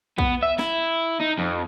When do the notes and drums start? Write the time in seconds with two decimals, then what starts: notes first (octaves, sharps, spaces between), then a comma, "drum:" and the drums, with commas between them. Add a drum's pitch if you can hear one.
0.18 B3, drum: kick B1
0.43 E5
0.59 E4, drum: snare
1.20 D#4
1.38 F2